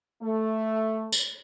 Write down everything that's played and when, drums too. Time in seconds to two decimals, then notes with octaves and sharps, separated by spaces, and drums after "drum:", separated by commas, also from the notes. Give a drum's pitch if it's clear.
0.22 A3
1.12 drum: tambourine